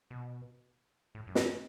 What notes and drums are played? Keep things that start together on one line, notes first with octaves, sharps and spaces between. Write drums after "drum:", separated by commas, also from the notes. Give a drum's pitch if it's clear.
B2
A2
F#2
G#2, drum: snare